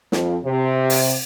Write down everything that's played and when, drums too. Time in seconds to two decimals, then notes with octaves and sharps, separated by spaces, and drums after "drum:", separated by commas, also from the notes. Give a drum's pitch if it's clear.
0.12 F2, drum: snare
0.44 C3
0.90 drum: open hi-hat